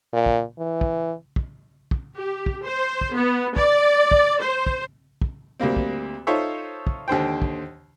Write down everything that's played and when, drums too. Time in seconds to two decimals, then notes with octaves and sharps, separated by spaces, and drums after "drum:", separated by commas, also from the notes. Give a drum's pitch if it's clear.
0.13 A#2
0.26 drum: kick
0.59 E3
0.81 drum: kick
1.36 drum: kick
1.91 drum: kick
2.17 G4
2.46 drum: kick
2.65 C5
3.01 drum: kick
3.16 B3
3.56 D5, drum: kick
4.11 drum: kick
4.41 C5
4.66 drum: kick
5.22 drum: kick
5.60 D2 G3 A#3 C4
5.77 drum: kick
6.27 D#4 F4 A4 C5 C#5 E5
6.87 drum: kick
7.08 D#2 D3 C5 G5
7.42 drum: kick